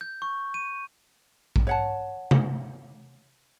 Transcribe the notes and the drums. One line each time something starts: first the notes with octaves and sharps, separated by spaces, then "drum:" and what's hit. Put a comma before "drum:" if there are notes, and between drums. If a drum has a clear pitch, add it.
G6
C#6
D#7
drum: kick A#1
C#5 F#5 A5
drum: tom C3